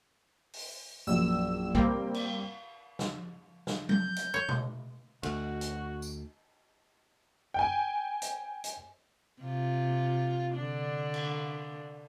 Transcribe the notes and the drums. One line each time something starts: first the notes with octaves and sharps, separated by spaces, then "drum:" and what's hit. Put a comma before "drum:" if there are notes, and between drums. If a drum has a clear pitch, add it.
drum: open hi-hat
A#1 F#2 E6 E7
G3 A#3 C4 G5, drum: kick B1
drum: cymbal
drum: snare
drum: snare
G6, drum: tom F#3
drum: hi-hat
C#5
drum: tom B2
D2 F#4, drum: cymbal
drum: hi-hat
drum: tambourine
G5 G#5
drum: hi-hat
drum: hi-hat
C3 F4
D3 D4
drum: cymbal